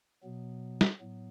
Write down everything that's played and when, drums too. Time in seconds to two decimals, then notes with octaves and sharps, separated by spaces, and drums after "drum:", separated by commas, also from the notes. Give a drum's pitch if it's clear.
0.23 B2 F#3 B3
0.81 drum: snare
1.00 A2 F#3 B3